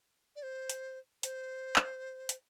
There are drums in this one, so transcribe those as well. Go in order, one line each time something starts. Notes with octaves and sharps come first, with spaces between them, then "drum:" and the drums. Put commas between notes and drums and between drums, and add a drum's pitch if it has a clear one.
D5
C5
drum: hi-hat
C5, drum: hi-hat
drum: clap
drum: hi-hat